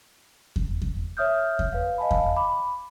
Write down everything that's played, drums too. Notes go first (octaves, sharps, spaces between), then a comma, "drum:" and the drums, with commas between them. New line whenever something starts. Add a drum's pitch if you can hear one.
drum: kick E2
drum: kick E2
C#5 E5 D#6 F6 G6
drum: kick E2
B4 F5
D#5 F5 G#5 A5 B5
drum: kick E2
B5 D6